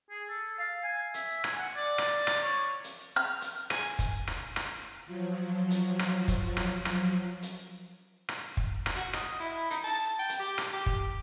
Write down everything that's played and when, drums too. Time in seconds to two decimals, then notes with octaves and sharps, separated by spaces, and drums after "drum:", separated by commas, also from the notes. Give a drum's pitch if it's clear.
0.11 G#4
0.29 A4
0.58 F5
0.84 G#5
1.14 E5, drum: hi-hat
1.44 G#5, drum: rim click
1.58 F#5
1.76 D5
1.98 drum: rim click
2.27 drum: rim click
2.42 C#5
2.84 drum: hi-hat
3.16 F6
3.41 drum: hi-hat
3.70 G#5, drum: rim click
3.99 drum: kick, hi-hat
4.27 drum: rim click
4.56 drum: rim click
5.06 F3 F#3
5.71 drum: hi-hat
5.99 drum: rim click
6.28 drum: kick, hi-hat
6.57 drum: rim click
6.85 drum: rim click
7.43 drum: hi-hat
8.29 drum: rim click
8.57 drum: kick
8.86 drum: rim click
8.96 F#4
9.13 D#5, drum: rim click
9.40 E4
9.70 D#4, drum: hi-hat
9.84 A5
10.19 G5
10.29 drum: hi-hat
10.39 G4
10.58 drum: rim click
10.73 G4
10.86 drum: kick